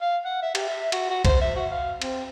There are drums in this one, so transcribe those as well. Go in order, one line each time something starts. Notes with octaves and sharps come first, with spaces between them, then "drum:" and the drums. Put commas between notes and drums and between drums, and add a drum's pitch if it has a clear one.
F5
F#5
E5
G4, drum: cymbal
E5
F#4, drum: cymbal
F#4
C5, drum: kick, cymbal
E5
F#4
F5
C4, drum: cymbal